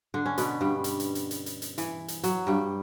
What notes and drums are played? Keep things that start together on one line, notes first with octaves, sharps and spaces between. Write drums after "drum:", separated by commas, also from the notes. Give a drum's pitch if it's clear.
D3 D4
C#4
B2 B3, drum: hi-hat
G2 G3
drum: hi-hat
drum: hi-hat
drum: hi-hat
drum: hi-hat
drum: hi-hat
drum: hi-hat
E3, drum: hi-hat
drum: hi-hat
F#3, drum: hi-hat
G2 G3